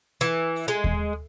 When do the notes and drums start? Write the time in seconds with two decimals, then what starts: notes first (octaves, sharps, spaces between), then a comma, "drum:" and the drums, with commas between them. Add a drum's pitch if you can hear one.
0.21 E3
0.68 G#3
0.84 drum: kick D#2